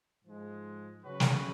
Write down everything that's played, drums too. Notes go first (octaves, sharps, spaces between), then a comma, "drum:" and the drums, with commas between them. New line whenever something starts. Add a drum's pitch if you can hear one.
G#2 F3 G#3
C#3 F#3 C#4 F#4 B4
drum: snare